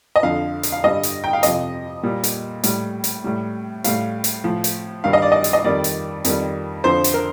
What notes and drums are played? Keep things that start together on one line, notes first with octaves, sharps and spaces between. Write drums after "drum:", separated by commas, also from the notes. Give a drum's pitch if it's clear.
D#5
F2 D3 F3 F5
drum: hi-hat
F5
G2 D3 G3 D#5
drum: hi-hat
G5
F5
F2 C3 F3 D#5, drum: hi-hat
A#2 G3
drum: hi-hat
A2 G3, drum: hi-hat
drum: hi-hat
A2 G3
A2 G3 F5, drum: hi-hat
drum: hi-hat
A2 F3
drum: hi-hat
G2 D#3 G3 F5
D#5
D5
D#5
drum: hi-hat
D#5
F2 D#3 G3 D5
drum: hi-hat
F2 D#3 G3, drum: hi-hat
F2 D3 F3 C5
drum: hi-hat
A#4